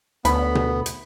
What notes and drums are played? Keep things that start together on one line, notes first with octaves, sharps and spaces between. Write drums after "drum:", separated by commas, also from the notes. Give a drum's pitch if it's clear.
D2 B3 B5, drum: hi-hat
drum: tom B2
drum: hi-hat